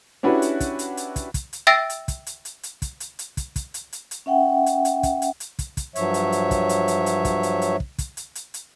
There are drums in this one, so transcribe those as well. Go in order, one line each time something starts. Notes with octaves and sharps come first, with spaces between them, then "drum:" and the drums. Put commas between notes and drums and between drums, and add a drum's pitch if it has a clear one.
C#4 D4 E4 F#4 G4 B4
drum: hi-hat
drum: kick, hi-hat
drum: hi-hat
drum: hi-hat
drum: kick, hi-hat
drum: kick, hi-hat
drum: hi-hat
E5 G5 E6 A6 A#6 D7
drum: hi-hat
drum: kick, hi-hat
drum: hi-hat
drum: hi-hat
drum: hi-hat
drum: kick, hi-hat
drum: hi-hat
drum: hi-hat
drum: kick, hi-hat
drum: kick, hi-hat
drum: hi-hat
drum: hi-hat
drum: hi-hat
C#4 E5 F#5 G5
drum: hi-hat
drum: hi-hat
drum: kick, hi-hat
drum: hi-hat
drum: hi-hat
drum: kick, hi-hat
drum: kick, hi-hat
G2 F3 F#3 C#5 E5, drum: hi-hat
drum: hi-hat
drum: hi-hat
drum: kick, hi-hat
drum: hi-hat
drum: hi-hat
drum: hi-hat
drum: kick, hi-hat
drum: hi-hat
drum: hi-hat
drum: kick
drum: kick, hi-hat
drum: hi-hat
drum: hi-hat
drum: hi-hat